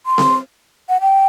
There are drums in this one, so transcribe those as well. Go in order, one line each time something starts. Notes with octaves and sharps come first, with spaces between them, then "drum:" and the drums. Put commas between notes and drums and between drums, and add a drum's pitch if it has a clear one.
C6
drum: snare C4
F#5
G5